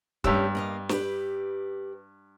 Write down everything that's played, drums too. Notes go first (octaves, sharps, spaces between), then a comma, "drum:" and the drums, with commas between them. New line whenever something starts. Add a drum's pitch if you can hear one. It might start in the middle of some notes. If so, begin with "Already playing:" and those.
G2 A3 C#4 G4 E6, drum: kick
A#3 D#5 F5
G4 B4, drum: snare